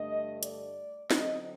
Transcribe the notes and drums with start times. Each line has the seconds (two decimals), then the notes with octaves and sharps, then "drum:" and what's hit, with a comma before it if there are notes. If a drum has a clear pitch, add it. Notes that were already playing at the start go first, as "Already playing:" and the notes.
Already playing: G2 D3 A3 D#5
0.43 D5, drum: hi-hat
1.11 D3 F#3 C4 D#5, drum: snare